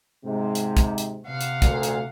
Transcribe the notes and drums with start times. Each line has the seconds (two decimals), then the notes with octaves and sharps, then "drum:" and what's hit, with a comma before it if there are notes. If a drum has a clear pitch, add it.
0.25 G#2 C3
0.55 drum: hi-hat
0.77 drum: kick, hi-hat
0.98 drum: hi-hat
1.25 C3 F5 F#5
1.41 drum: hi-hat
1.62 D2 A#2, drum: kick, hi-hat
1.83 drum: hi-hat